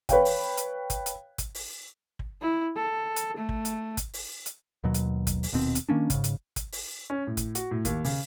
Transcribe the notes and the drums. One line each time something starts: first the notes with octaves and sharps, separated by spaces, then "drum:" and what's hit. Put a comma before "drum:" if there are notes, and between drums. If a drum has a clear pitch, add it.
B4 C#5 F5 G5, drum: kick, hi-hat
drum: open hi-hat
drum: hi-hat
drum: kick, hi-hat
drum: hi-hat
drum: kick, hi-hat
drum: open hi-hat
drum: kick
E4
A4
drum: hi-hat
A3
drum: kick
drum: hi-hat
drum: kick, hi-hat
drum: open hi-hat
drum: hi-hat
D#2 B2 F#3
drum: hi-hat
drum: kick, hi-hat
drum: open hi-hat
D#1 D#2 B2 C4
drum: hi-hat
D#3 A#3 C#4 D4
G#2 C#3, drum: kick, hi-hat
drum: hi-hat
drum: kick, hi-hat
drum: open hi-hat
C#4
A2
drum: kick, hi-hat
F#4, drum: hi-hat
A2
D#2, drum: kick, hi-hat
C#3, drum: open hi-hat